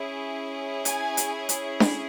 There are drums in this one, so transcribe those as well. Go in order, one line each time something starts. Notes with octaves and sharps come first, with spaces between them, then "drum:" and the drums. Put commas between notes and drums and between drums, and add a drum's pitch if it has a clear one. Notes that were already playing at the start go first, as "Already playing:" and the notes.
Already playing: C#4 E4 G#4
G#5, drum: hi-hat
drum: hi-hat
drum: hi-hat
drum: snare D4